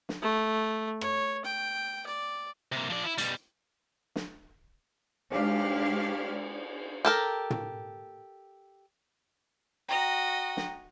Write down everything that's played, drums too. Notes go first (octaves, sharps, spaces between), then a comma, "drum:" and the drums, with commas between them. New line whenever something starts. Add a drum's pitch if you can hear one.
drum: snare
A3
C#5, drum: rim click
G5
D5
C3 A#3
F3 D5
E4
B2 G3, drum: hi-hat
drum: snare
G#3 D4 G4 F5, drum: cymbal
G4 A4 A#4
drum: tom
F#4 D#5 G5 A#5 A#6
drum: snare